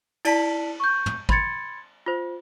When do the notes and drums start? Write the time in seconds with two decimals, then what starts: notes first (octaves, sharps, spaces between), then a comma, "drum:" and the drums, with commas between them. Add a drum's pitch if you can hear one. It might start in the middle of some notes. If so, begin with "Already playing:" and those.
0.25 E4 D5 A5 B6, drum: cymbal
0.80 C#6 G6
1.06 drum: tom
1.29 B5 C6 G#6 A6 C#7, drum: kick
2.06 F4 C5